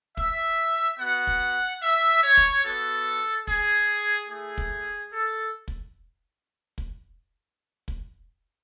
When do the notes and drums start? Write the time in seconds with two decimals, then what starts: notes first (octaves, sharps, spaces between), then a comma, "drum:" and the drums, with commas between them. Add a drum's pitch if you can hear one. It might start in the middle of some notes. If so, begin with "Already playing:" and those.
0.17 E5, drum: kick
1.00 B3 F#4 F#5
1.27 drum: kick
1.82 E5
2.23 C#5
2.37 drum: kick
2.65 B3 F#4 A4
3.47 G#4, drum: kick
4.30 A3 E4 G#4
4.58 drum: kick
5.13 A4
5.68 drum: kick
6.78 drum: kick
7.88 drum: kick